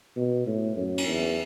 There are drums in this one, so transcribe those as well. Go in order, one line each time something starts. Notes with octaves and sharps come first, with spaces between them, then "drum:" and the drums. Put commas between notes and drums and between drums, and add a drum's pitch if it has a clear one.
B2
A2
F#2
drum: cymbal
E2